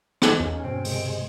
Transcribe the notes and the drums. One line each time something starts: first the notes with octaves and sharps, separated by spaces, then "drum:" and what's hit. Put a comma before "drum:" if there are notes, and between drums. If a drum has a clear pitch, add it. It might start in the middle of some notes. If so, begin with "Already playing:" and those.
D#4 G4, drum: rim click
E2 C#4 A4 F5
G2 B2 D3 C4
C3 G#3, drum: open hi-hat